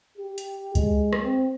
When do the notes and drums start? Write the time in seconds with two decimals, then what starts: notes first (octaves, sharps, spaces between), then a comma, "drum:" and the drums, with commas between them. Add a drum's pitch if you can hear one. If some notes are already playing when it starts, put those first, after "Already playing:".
0.18 G4
0.38 drum: hi-hat
0.75 G#3, drum: kick C#2, hi-hat
1.13 drum: rim click
1.23 C4